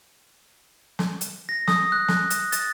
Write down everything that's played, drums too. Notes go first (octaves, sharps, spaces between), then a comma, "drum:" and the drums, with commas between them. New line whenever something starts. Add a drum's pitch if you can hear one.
drum: snare
drum: hi-hat
A#6
D#6, drum: snare
F#6
drum: snare
drum: hi-hat
A6, drum: hi-hat